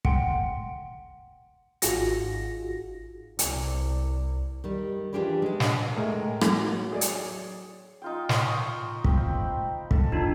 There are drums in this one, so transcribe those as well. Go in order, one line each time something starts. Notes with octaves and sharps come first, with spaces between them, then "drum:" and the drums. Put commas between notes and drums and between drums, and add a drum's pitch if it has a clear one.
F#5 G5 C6, drum: kick
G#1 D#4 F4 F#4 G#4 A#6, drum: hi-hat
C2, drum: hi-hat
D#3 G3
E3 D4 F4 G4 G#4 B4
G#3 D4
drum: snare
A2 G#3 A#4
F#3, drum: rim click
G#4 C#5 D5
drum: hi-hat
D#4 F4 G5
C6 C#6 D#6, drum: snare
C4 G5 B5, drum: kick
A4, drum: kick
D4 D#4 F4